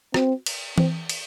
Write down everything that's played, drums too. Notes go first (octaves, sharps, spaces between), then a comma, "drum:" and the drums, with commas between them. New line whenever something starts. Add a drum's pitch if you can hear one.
C4, drum: rim click
drum: cymbal
C4, drum: tom E3
drum: cymbal